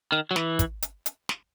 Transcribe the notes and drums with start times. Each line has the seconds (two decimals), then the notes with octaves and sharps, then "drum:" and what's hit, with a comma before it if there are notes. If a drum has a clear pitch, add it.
0.12 D#3
0.31 F#3
0.36 E3, drum: snare
0.59 drum: kick, hi-hat
0.82 drum: hi-hat
1.06 drum: hi-hat
1.29 drum: snare